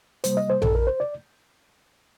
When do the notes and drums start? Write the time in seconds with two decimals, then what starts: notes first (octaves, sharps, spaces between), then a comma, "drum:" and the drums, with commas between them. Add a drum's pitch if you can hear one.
0.24 C3 G3 A#3 C5, drum: hi-hat
0.37 D#5
0.49 C5
0.62 A4, drum: tom A#1
0.75 A#4
0.87 C5
1.00 D5